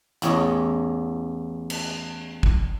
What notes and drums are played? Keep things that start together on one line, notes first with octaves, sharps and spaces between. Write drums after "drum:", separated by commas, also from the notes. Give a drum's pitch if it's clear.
A1 E2 C#5 D#5, drum: hi-hat
drum: cymbal
drum: kick